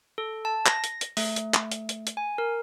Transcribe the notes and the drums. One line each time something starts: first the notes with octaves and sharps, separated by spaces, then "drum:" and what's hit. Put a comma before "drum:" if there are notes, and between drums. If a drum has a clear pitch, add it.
A4
A5
A#6, drum: clap
drum: hi-hat
drum: hi-hat
A3, drum: open hi-hat
drum: hi-hat
drum: clap
drum: hi-hat
drum: hi-hat
drum: hi-hat
G#5
A#4